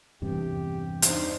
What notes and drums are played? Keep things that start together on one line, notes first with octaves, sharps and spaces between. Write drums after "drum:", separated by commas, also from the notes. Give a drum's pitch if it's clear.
E2 G2 C3 G4
D4 D#4 C5, drum: hi-hat